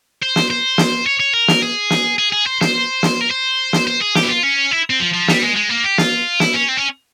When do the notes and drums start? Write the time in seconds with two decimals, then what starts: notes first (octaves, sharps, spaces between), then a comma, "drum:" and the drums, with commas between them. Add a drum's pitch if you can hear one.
0.22 C5
0.36 drum: snare
0.50 C5
0.78 drum: snare
1.06 C#5
1.20 C#5
1.34 A#4
1.48 drum: snare
1.62 G#4
1.90 drum: snare
2.18 G#4
2.32 G#4
2.46 C5
2.61 C5, drum: snare
3.03 drum: snare
3.21 A#4
3.31 C5
3.73 drum: snare
3.87 C5
4.01 G#4
4.15 G4, drum: snare
4.23 E4
4.29 F4
4.43 C#4
4.71 E4
4.90 C4
5.00 F3
5.14 F3
5.28 G3, drum: snare
5.42 G#3
5.56 G#3
5.69 A#3
5.84 G4
5.98 F4, drum: snare
6.40 E4, drum: snare
6.54 C#4
6.69 C4
6.77 C#4